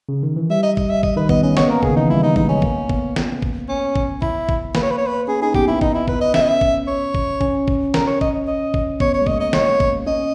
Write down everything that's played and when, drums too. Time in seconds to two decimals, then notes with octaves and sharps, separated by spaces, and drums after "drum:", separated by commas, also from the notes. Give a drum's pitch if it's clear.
0.09 C#3
0.23 D#3
0.36 E3
0.50 G3 E5
0.63 D#5
0.77 D#5, drum: kick
0.90 E5
1.03 D#5, drum: kick
1.16 D#3 B4
1.29 B3 D#5, drum: kick
1.43 C#4 D#5
1.57 B3 C#5, drum: snare
1.69 A#3 A#4
1.83 C#3 G#4, drum: kick
1.89 D#3
1.96 E3 D#4
2.09 G3 E4
2.23 D#4
2.36 G#3 D#4, drum: kick
2.49 C#4
2.62 A#3, drum: kick
2.89 B3, drum: kick
3.16 B3, drum: snare
3.42 drum: kick
3.69 C#4
3.96 drum: kick
4.22 E4, drum: kick
4.49 drum: kick
4.75 A#3 B4, drum: snare
4.83 C#5
4.91 B4
4.98 C#5
5.07 B4
5.28 C#4 G#4
5.42 D#4 G#4
5.54 B3 G4, drum: kick
5.68 A#3 E4
5.81 B3 D#4, drum: kick
5.94 E4
6.08 B3 B4, drum: kick
6.21 D#5
6.34 C#4 E5, drum: snare
6.42 D#5
6.48 E5
6.61 drum: kick
6.88 C#5
7.14 drum: kick
7.41 C#4, drum: kick
7.68 drum: kick
7.94 A#4, drum: snare
8.07 C#5
8.21 D#5, drum: kick
8.48 D#5
8.74 drum: kick
9.00 B3 C#5, drum: kick
9.14 C#5
9.21 G#3
9.26 A#3 D#5, drum: kick
9.40 D#5
9.53 A#3 C#5, drum: snare
9.80 drum: kick
10.07 C#4 D#5